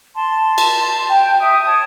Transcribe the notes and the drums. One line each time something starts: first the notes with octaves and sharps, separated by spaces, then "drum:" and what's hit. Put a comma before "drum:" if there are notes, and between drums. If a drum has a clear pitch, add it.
A5 C6
drum: cymbal
G5
E5 G5 D#6
C#5 A5